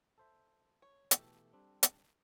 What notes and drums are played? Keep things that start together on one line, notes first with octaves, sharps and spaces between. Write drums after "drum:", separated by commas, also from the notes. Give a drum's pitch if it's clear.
A4 C5 E5
C#5
B2 E3 A3 G4 A4, drum: hi-hat
G3 C4 D4
drum: hi-hat